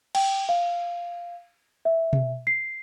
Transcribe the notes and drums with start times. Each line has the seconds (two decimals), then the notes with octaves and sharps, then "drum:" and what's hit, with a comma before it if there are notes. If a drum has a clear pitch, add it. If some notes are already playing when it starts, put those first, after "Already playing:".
0.15 G5, drum: cymbal
0.49 F5
1.85 E5
2.13 drum: tom B2
2.47 C7